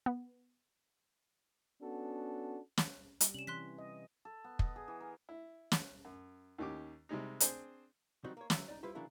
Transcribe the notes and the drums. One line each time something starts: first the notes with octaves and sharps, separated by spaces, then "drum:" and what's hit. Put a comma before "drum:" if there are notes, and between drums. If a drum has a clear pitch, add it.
B3
B3 C#4 D4 F#4 A4
drum: snare
G3, drum: hi-hat
C3 C#4 E7 F#7
E3 C6 F#6 B6
D#5
A4
B3
D#5, drum: kick
G#4
E3
A#4
E4
drum: snare
F#2
D#2 D#3 C#4 G4 D6
C3 G3 G#3 D#4
C4 D4 G#4 C5, drum: hi-hat
D#3 F#3 G3 C4 D#4 F#4
A#3 C#5
D3 F#3 E5, drum: snare
D#4 D5
G3 E4 F4 B4 C5
C#3 E3 F#3 A#3 D4 E4